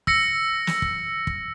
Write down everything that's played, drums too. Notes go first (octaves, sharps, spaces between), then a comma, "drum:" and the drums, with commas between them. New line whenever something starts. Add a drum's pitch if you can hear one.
E6 A#6 C#7, drum: kick
drum: snare
drum: kick
drum: kick